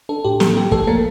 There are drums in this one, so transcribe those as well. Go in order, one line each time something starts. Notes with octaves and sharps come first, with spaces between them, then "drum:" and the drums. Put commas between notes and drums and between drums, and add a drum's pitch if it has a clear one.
D4 A4
A2 G4
A#3 A4, drum: snare
F3 G4
A3 A4, drum: kick
A3 A#3 A#4